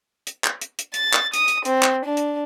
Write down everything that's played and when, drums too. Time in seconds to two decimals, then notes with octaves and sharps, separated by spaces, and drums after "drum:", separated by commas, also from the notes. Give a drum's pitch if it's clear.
0.27 drum: hi-hat
0.44 drum: clap
0.61 drum: hi-hat
0.79 drum: hi-hat
0.94 A6, drum: hi-hat
1.13 drum: clap
1.33 D#6, drum: hi-hat
1.48 drum: hi-hat
1.65 C4, drum: hi-hat
1.82 drum: clap
2.05 D4
2.17 drum: hi-hat